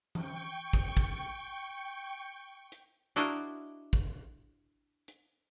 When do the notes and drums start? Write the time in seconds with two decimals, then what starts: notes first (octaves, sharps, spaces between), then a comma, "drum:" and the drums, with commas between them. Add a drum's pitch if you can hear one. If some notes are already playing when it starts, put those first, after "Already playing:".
0.15 G5 C#6, drum: tom E3
0.73 drum: kick G#1
0.97 drum: kick G#1
2.72 drum: hi-hat
3.16 D4 E4 F#4 A#4 D#5 F5
3.93 drum: kick G#1
5.08 drum: hi-hat